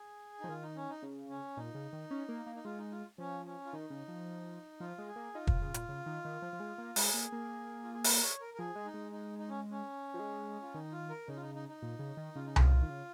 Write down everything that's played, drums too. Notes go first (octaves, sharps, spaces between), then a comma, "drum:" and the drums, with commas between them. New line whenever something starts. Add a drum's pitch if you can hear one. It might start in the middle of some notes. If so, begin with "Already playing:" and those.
Already playing: G#4
D#4
F3
D#3 F4
D#4
C#4
D#4
C#3
C#4
A#2 D#4
C#3
D#3
C#4
A#3
A#3
D#4
G#3 F4
D#4
F4
F3 C#4
C#4
F4
D#3 D#4
C#3
F3
F3 F4
G#3
G#4
A#3
D#4 F4
F3, drum: kick
C#3
A#2, drum: hi-hat
C#3
D#3
D#3
F3
F3
G#3
A#3
G#3 G#4, drum: open hi-hat
A#3
A#3
F4
G#4
A#4, drum: open hi-hat
C#5
A#4
A#4
F3 G#4
G#3
D#4
G#3
D#4
D#4
C#4
C#4
F3
G#3
F4
D#3 D#4
F4
A#4
C#3 D#4
F4
D#4
D#4
D#4
A#2
C#3
D#3
C#3 F4
D#4
F4, drum: tom C2
D#3
C#3